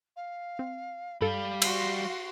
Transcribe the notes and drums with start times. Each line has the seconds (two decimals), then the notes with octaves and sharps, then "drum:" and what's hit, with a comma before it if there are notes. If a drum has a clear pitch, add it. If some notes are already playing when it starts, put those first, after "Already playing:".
0.16 F5
0.59 C4
1.21 G2 G3 A4 F5 B5
1.62 F#4 C6, drum: cymbal